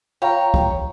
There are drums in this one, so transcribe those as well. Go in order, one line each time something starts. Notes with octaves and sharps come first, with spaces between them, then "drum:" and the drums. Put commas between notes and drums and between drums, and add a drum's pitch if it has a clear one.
F4 C#5 F5 G5 A#5
drum: kick